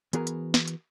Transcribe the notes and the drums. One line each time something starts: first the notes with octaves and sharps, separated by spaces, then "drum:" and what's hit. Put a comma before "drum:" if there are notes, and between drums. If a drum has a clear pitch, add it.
E3 B3 F#4 G#4 A#4, drum: hi-hat
drum: hi-hat
drum: snare
drum: hi-hat